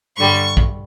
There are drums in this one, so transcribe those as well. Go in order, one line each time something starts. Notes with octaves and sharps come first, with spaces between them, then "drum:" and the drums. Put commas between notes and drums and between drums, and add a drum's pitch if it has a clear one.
G2 D3 G3 C#6
drum: kick